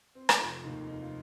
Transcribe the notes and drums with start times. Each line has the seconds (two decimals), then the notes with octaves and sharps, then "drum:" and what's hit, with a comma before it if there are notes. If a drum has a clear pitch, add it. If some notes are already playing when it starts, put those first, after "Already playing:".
0.15 C4
0.29 D#4, drum: rim click
0.41 F1 F3 F4
0.63 D#2 D#3 A#3 D#4
0.87 F1 D#4
1.02 F3 F4